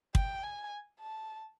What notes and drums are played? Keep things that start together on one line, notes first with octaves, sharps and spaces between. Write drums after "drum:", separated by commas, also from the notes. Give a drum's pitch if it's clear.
G5, drum: kick
G#5
A5